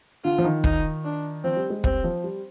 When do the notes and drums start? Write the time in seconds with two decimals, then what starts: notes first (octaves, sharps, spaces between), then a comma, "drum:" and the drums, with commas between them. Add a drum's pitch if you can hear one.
0.24 D3 F4
0.38 F3
0.44 D#3
0.64 D#4, drum: kick
1.04 D4
1.44 F3 C4
1.57 G3
1.70 G#3
1.84 G3 C4, drum: kick
2.04 F3
2.24 G3